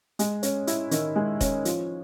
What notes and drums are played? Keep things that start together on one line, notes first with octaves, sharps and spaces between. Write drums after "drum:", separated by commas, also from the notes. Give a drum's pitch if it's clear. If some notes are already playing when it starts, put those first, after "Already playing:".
G#3, drum: hi-hat
C#4, drum: hi-hat
E4, drum: hi-hat
D#3, drum: hi-hat
G#3
C#4, drum: kick F1, hi-hat
F3, drum: hi-hat